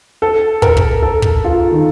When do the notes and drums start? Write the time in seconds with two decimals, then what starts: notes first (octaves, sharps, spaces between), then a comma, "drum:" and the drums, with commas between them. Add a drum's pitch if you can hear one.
0.22 A4
0.62 A#4, drum: kick
0.77 drum: kick
1.02 A4
1.22 drum: kick
1.44 F4
1.71 D#3